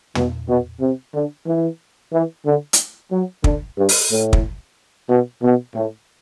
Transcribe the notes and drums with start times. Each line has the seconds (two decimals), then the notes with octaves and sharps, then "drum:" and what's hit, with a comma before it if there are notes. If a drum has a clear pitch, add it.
0.15 B2, drum: tom
0.48 B2
0.81 C3
1.14 D3
1.47 E3
2.12 E3
2.46 D3
2.73 drum: hi-hat
3.12 F#3
3.44 D3, drum: kick
3.78 G2
3.89 drum: open hi-hat
4.11 A2
4.33 drum: kick
5.09 B2
5.43 B2
5.75 A2